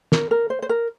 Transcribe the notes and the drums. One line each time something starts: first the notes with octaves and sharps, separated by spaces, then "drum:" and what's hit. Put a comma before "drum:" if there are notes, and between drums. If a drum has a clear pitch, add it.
A#4, drum: snare
A#4
C5
C5
A#4